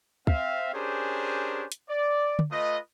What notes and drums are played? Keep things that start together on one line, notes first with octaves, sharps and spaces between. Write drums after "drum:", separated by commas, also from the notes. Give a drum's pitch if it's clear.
C4 E5 F5, drum: kick
C#4 D4 G4 G#4 A#4 C5
drum: hi-hat
D5
drum: tom
A3 F4 B4 D#5